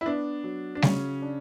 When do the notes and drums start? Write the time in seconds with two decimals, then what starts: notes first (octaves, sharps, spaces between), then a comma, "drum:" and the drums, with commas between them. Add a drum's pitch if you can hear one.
0.01 E4
0.06 B3 D4
0.44 F#3
0.75 D4
0.82 C#3 C#4, drum: snare G3
1.22 D4